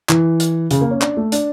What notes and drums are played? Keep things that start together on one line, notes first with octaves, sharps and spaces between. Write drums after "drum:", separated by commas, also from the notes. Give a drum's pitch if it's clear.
E3, drum: clap
drum: hi-hat
C#3, drum: hi-hat
A#3
C#4
D4, drum: clap
A3
D4, drum: hi-hat